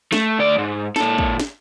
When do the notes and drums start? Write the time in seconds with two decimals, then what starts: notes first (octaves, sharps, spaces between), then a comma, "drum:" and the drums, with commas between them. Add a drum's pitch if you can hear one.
0.13 A3, drum: snare
0.39 D2 D5
0.59 G#2
0.96 A#2 A4, drum: snare
1.18 drum: kick
1.40 drum: snare